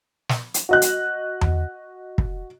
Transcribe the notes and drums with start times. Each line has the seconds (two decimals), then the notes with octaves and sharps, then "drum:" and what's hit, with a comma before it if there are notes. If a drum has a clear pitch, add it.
0.29 drum: snare
0.54 drum: hi-hat
0.69 F#4 D#5 F#6
0.82 drum: hi-hat
1.41 drum: tom E2
2.18 drum: kick